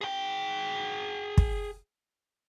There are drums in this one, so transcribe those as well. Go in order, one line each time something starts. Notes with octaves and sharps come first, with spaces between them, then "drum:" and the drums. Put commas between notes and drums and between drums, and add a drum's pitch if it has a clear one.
G#4 G5
drum: kick